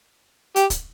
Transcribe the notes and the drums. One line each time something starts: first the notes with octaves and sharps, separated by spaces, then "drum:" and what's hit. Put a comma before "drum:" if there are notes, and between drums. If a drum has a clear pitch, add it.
G4, drum: hi-hat
drum: kick, hi-hat